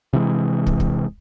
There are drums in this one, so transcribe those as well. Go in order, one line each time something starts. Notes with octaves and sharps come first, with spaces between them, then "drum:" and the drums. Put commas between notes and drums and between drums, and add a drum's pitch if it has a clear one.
C3 E3 G#3
drum: kick
drum: kick